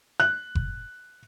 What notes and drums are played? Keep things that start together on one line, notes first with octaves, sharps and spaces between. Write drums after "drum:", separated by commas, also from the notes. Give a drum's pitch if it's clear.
F#6
drum: kick F#1